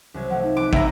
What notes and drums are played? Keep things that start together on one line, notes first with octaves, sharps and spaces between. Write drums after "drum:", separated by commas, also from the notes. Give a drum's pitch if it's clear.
C2 F#3 G#6
F3 A3 F#5
D#4
B3 D6
E4 A#5, drum: kick